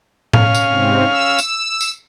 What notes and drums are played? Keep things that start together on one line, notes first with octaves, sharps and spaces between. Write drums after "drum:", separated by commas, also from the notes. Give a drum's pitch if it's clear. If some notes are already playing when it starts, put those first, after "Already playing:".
C#4 F5, drum: tom A2
drum: tambourine
G#2 C3 C4
E6
drum: tambourine
drum: tambourine